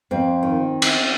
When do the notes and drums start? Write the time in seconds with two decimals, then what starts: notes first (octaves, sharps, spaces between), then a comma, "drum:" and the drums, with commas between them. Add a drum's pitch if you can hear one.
0.11 F2 C4
0.43 D#3
0.82 drum: cymbal